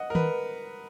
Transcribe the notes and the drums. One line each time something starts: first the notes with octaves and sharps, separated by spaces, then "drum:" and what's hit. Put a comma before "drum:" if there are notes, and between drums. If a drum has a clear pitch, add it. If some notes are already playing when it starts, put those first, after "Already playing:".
Already playing: D#5 F#5
A#4
B4, drum: tom D#3